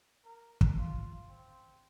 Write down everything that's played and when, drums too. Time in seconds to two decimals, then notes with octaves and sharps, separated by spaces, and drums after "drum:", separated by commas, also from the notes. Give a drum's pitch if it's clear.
0.25 A#4
0.61 drum: kick
0.78 F4
1.28 C4